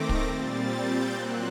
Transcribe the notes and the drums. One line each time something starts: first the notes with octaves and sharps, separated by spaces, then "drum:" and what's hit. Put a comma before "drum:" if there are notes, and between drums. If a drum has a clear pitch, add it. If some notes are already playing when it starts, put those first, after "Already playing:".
Already playing: D#3 A3 C4 D6 A#6
drum: kick
A#2 G3 C4 A6
G6
A#2 F#3 C4 F#6